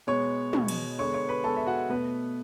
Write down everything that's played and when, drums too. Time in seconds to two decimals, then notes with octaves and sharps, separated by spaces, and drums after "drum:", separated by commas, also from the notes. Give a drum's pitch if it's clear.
0.07 B2 G#3 B3 C#5 C#6
0.53 B2 G#3 B3, drum: tom
0.68 drum: cymbal
0.98 D3 G#3 B3 C#5 C#6
1.14 C#5 C#6
1.29 B4 B5
1.44 D3 G#3 B3 A4 A5
1.57 E5
1.67 F#4 F#5
1.90 B2 A3 B3 B4